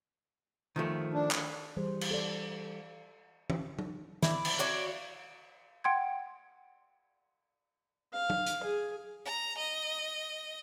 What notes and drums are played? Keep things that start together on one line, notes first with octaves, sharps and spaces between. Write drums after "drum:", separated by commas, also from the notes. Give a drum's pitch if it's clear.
D#3 F3 A3
D4
drum: clap
E3 G3 G#4 C5
drum: cymbal
A4 D5
drum: tom E3
drum: tom F#3
E4 D5, drum: snare
drum: cymbal
F#4 C#5 D5
F#5 G5 C6 G#6
F5
drum: tom F#3
drum: hi-hat
G#4
A#5
D#5